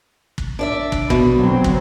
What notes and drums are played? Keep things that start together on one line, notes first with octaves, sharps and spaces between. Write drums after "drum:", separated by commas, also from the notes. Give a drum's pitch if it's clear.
drum: kick
D4 D5 E5
drum: kick
B2, drum: kick
D3 F#3 C4
drum: kick